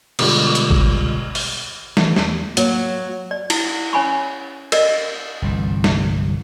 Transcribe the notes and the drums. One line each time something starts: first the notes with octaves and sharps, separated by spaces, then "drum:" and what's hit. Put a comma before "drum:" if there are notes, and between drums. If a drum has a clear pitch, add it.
B2 D3 G3 G#3 F4, drum: cymbal
drum: hi-hat
drum: kick
drum: open hi-hat
E3 F3 A3, drum: snare
E2, drum: snare
F#3 A#3, drum: hi-hat
D5
E4, drum: cymbal
C#4 C#5 G#5 B5 C#6
A#4 D5 D#5, drum: cymbal
G1 C2 E3
drum: snare